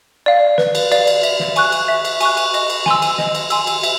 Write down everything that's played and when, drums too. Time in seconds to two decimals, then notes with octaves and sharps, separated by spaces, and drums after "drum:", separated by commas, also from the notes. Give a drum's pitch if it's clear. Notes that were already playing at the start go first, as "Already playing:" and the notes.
0.26 D5 F5
0.58 B4, drum: snare
0.75 drum: cymbal
0.92 D5 F5, drum: cymbal
1.07 drum: cymbal
1.23 E5, drum: cymbal
1.40 drum: snare
1.56 G#5 C#6 F#6, drum: cymbal
1.72 drum: cymbal
1.88 E5
2.05 drum: cymbal
2.20 G#5 C#6 F#6, drum: cymbal
2.37 drum: cymbal
2.54 D#5, drum: cymbal
2.70 drum: cymbal
2.86 G#5 C6 E6, drum: snare
3.02 drum: cymbal
3.18 D#5, drum: snare
3.35 drum: cymbal
3.50 G#5 C6 E6, drum: cymbal
3.67 drum: cymbal
3.83 E5, drum: cymbal